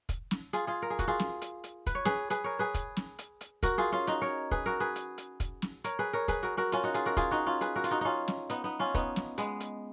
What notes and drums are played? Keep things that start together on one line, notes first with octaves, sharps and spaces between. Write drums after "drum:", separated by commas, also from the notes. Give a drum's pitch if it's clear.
drum: kick, hi-hat
drum: snare
F4 G#4, drum: hi-hat
F4 G#4
A#4
G#4
F#4, drum: kick, hi-hat
F4 G#4
drum: snare
drum: hi-hat
drum: hi-hat
B4, drum: kick, hi-hat
C#5
G#4 B4, drum: snare
G#4 B4, drum: hi-hat
A#4 C#5
G#4 B4
drum: kick, hi-hat
drum: snare
drum: hi-hat
drum: hi-hat
F#4 A#4, drum: kick, hi-hat
F4 G#4
C#4 F4
D#4 F#4, drum: hi-hat
A#4 C#5
G#4 B4, drum: kick
F#4 A#4
G#4 B4
drum: hi-hat
drum: hi-hat
drum: kick, hi-hat
drum: snare
A#4 C#5, drum: hi-hat
G#4 B4
A#4 C#5
G#4 B4, drum: kick, hi-hat
F#4 A#4
F#4 A#4
C#4 F4, drum: hi-hat
D#4 F#4
F4 G#4, drum: hi-hat
F#4 A#4
F4 G#4, drum: kick, hi-hat
D#4 F#4
C#4 F4
G#4 B4, drum: hi-hat
F#4 A#4
F4, drum: hi-hat
D#4 F#4
C#4 D#4 F4
drum: snare
B3 D#4, drum: hi-hat
B3 D#4
C#4 F4
B3 D#4, drum: kick, hi-hat
drum: snare
G#3 B3, drum: hi-hat
drum: hi-hat